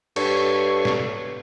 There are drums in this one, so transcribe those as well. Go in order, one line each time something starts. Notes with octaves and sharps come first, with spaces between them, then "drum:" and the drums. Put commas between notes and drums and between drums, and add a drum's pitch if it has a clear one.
G2 A4 C#5 C#6, drum: cymbal
drum: snare